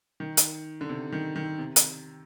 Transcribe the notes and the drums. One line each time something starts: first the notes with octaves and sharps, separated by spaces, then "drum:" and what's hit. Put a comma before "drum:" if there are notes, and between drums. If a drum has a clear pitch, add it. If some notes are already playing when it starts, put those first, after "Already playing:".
D#3
drum: hi-hat
D3
C3
D#3
D#3
C3
drum: hi-hat